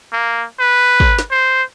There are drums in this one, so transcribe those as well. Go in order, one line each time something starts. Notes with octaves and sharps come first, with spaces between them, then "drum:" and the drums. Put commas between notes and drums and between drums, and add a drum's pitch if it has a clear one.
A#3
B4
drum: kick
drum: snare
C5